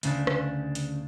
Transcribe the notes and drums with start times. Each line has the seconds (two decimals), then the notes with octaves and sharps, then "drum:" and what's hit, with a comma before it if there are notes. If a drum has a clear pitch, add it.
0.03 D2 C#3 D4, drum: hi-hat
0.27 drum: rim click
0.75 drum: hi-hat